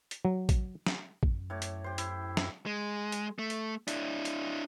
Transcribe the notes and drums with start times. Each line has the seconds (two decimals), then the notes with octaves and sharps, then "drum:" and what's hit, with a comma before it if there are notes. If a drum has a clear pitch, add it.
0.11 drum: hi-hat
0.25 F#3
0.49 drum: kick A1, hi-hat
0.87 drum: snare
1.23 F#2, drum: kick A1
1.50 A2 C#5 D6
1.62 drum: hi-hat
1.84 G4 C5
1.98 E4, drum: hi-hat
2.37 drum: snare
2.66 G#3
3.12 drum: hi-hat
3.39 A3
3.50 drum: hi-hat
3.88 D4 E4, drum: hi-hat
4.25 drum: hi-hat